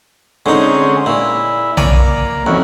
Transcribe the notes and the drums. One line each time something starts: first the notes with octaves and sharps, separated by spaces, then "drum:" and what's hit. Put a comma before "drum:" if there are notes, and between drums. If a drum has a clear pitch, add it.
D3 G#3 C4 C#4 D#4
A#2 E4
A#3 C#5 D5 G#5, drum: tom B1
F2 E3 C#4 F#4